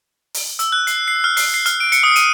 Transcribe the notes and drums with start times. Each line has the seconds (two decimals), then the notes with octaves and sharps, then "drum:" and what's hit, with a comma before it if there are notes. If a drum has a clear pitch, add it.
0.34 drum: open hi-hat
0.59 E6, drum: hi-hat
0.72 F#6
0.87 C7, drum: hi-hat
1.08 C7
1.24 F6
1.37 C7, drum: open hi-hat
1.54 C7
1.66 F6, drum: hi-hat
1.80 D7
1.92 C#7, drum: hi-hat
2.03 D#6
2.16 D#7, drum: hi-hat